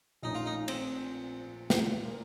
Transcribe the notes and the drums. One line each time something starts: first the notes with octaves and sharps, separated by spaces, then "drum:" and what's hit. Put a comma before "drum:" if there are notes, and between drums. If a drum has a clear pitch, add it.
A#1 A#2 A3 C#4 D#4
F4
D#4
C4, drum: cymbal
drum: snare
A#2 F3 A#3